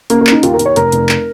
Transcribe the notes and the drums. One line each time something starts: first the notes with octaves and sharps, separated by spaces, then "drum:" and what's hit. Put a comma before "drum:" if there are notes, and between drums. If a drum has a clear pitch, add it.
C#3 A#3, drum: hi-hat
A#3
C#3, drum: clap
D#4
D#2 F4, drum: hi-hat
A#4
D#2, drum: hi-hat
C#5
F1 A#4, drum: hi-hat
F1, drum: hi-hat
drum: clap